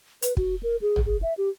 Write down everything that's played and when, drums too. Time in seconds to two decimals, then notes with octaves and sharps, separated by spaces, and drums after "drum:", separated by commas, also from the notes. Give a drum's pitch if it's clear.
0.22 B4, drum: hi-hat
0.37 F#4, drum: kick
0.63 A#4
0.81 G#4
0.96 drum: tom
1.06 G#4
1.22 E5
1.38 G4